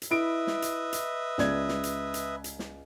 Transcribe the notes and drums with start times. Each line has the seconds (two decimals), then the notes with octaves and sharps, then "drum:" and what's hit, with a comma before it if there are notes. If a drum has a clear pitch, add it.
0.02 drum: hi-hat
0.11 E4 B4 D#5 E5 D7
0.47 drum: snare
0.62 drum: hi-hat
0.93 drum: hi-hat
1.38 C#2 D5 G#6, drum: snare
1.68 drum: snare
1.83 drum: hi-hat
2.14 drum: hi-hat
2.44 drum: hi-hat
2.59 drum: snare